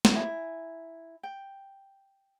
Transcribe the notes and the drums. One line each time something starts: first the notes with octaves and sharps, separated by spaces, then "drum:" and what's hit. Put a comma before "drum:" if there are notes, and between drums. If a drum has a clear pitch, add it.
drum: snare
E4 G#5 A#5
G5